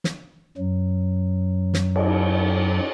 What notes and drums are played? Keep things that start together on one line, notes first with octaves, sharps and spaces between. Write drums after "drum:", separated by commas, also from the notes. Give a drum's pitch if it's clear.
drum: snare
F#2 F#3
drum: snare
drum: cymbal